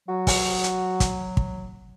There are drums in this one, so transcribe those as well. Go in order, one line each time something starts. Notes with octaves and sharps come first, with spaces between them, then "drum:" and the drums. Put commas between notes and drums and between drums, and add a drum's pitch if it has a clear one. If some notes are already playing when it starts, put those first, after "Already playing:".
F#3 F#4
drum: kick, open hi-hat
drum: hi-hat
drum: kick, hi-hat
drum: kick